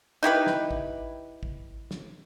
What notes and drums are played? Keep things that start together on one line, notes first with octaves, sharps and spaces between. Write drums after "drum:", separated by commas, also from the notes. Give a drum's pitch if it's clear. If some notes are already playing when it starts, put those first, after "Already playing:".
D#4 E4 G4 B4
drum: snare
drum: kick
drum: kick
drum: snare